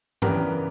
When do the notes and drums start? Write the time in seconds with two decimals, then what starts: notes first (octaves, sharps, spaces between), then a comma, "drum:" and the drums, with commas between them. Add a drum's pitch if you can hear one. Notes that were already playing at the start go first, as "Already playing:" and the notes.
0.22 C#3 E3 B3 D4 G4 A#4, drum: tom G2